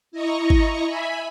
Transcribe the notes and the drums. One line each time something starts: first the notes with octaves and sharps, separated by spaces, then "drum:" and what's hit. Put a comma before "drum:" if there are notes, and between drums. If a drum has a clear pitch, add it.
E4 D#5 A#5 C#6
drum: kick G#1
E5 G#5 B5